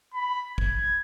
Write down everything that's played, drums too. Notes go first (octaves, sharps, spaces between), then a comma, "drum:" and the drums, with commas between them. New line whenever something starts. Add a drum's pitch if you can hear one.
B5
G#6, drum: kick